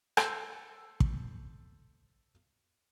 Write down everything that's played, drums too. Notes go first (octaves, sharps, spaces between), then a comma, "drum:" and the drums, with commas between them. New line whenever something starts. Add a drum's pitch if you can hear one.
A4 C5 E6, drum: rim click
drum: kick